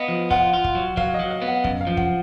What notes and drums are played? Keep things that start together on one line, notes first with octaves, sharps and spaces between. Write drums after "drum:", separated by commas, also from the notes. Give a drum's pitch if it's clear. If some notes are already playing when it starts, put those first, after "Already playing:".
Already playing: B3 D#5 F5
F3
F4 F#5, drum: kick
F4
drum: kick
F#3
F#3 F5, drum: kick
D#5
F#3
F5
B3
F#5
F#2, drum: kick
F5
F3
F#5, drum: kick